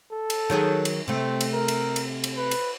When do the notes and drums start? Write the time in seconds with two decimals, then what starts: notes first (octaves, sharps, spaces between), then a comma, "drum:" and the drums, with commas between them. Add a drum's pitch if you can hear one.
0.12 A4
0.30 drum: cymbal
0.50 D#3 F#3 G#4
0.85 drum: cymbal
1.08 C3 A3 C4
1.41 drum: cymbal
1.53 A#4
1.68 drum: cymbal
1.96 drum: cymbal
2.24 drum: cymbal
2.38 B4
2.51 drum: cymbal